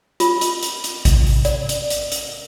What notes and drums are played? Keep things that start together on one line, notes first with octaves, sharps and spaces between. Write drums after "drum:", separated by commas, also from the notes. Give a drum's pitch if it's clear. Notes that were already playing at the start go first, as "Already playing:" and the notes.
F4, drum: hi-hat
drum: hi-hat
drum: hi-hat
drum: hi-hat
drum: kick A1, hi-hat
drum: open hi-hat
D5, drum: hi-hat
drum: hi-hat
drum: hi-hat
drum: hi-hat